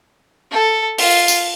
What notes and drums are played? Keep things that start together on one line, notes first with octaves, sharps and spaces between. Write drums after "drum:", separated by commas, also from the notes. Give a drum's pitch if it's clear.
A4
F4, drum: open hi-hat
drum: tambourine